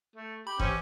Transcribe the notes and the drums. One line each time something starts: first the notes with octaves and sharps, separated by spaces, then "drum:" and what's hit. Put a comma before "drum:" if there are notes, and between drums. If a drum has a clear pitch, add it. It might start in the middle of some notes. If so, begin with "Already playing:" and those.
A3
G4 B5
A1 C4 C#4 G4, drum: kick